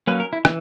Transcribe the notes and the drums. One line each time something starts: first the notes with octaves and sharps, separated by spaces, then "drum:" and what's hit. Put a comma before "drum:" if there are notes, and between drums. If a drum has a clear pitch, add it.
F#3 A#3 C#4 B4
A#4
E4
E3, drum: rim click